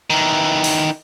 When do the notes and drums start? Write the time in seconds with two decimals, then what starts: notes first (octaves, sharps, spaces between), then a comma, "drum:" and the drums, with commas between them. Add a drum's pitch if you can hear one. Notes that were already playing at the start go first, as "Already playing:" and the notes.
0.10 D#3 E3
0.64 drum: open hi-hat